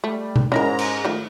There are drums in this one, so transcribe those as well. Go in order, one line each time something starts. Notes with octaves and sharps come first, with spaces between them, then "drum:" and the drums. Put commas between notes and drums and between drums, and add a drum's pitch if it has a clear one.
G3 A3
drum: tom B2
G#2 G#3 C#4 E4 A#4 A#5
drum: cymbal
D#3 F3 A3